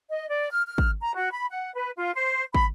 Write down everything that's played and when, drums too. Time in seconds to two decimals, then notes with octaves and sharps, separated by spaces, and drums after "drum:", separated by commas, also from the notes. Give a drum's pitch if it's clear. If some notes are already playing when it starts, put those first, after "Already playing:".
0.10 D#5
0.30 D5
0.51 F6
0.67 F6
0.78 drum: kick
1.00 A#5
1.15 F#4
1.33 B5
1.50 F#5
1.75 B4
1.97 F4
2.15 C5
2.55 B5, drum: kick